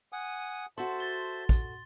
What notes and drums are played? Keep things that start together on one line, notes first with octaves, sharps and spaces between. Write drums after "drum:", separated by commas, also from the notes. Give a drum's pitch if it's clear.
F#5 G#5 D#6
F#4 A4 C5 E5 A5 C6, drum: hi-hat
A6 G7
drum: kick